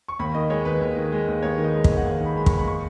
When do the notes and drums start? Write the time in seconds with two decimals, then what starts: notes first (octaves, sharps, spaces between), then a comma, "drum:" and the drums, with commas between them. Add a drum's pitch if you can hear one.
0.08 C#6
0.19 D#2 B5
0.34 D#3 D#5
0.50 G#3 C#5
0.65 D#2 B4
0.81 D#2
0.96 D#3
1.12 G#3
1.28 D#2
1.42 D#2 C#5
1.58 D#3
1.64 D#5
1.74 G#3
1.84 D#5, drum: kick
1.89 D#2
1.97 F#5
2.04 D#2 F5
2.20 D#3
2.26 B5
2.36 G#3 B5
2.46 D#2 C#6, drum: kick
2.58 B5
2.67 C#6